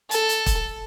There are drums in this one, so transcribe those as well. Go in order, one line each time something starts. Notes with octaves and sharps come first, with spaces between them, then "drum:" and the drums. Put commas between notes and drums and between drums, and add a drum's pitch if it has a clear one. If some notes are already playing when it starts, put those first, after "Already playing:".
A4, drum: hi-hat
drum: hi-hat
drum: kick, hi-hat